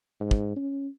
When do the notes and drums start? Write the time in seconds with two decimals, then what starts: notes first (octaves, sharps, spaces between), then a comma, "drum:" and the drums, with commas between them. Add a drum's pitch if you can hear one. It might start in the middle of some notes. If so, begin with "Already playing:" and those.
0.20 G#2
0.31 drum: kick
0.56 C#4